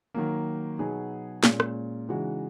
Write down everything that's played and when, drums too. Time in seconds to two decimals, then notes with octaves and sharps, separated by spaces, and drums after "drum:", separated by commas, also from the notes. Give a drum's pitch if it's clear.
0.14 D#3 F#3 A#3
0.79 B2 F#3 B3 D#4 G#4
1.43 A#2 G#3 C#4, drum: snare
1.60 drum: rim click
2.09 C#3 E3 G#3 D#4 F#4